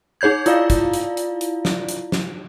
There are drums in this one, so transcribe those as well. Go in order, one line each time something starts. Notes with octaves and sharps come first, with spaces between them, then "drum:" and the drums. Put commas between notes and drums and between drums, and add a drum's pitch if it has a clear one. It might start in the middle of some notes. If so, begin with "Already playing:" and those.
D#4 G#4 C#5 G6 G#6
E4 F4 D5 F5, drum: hi-hat
drum: kick, hi-hat
drum: hi-hat
drum: hi-hat
drum: hi-hat
drum: snare
drum: hi-hat
drum: snare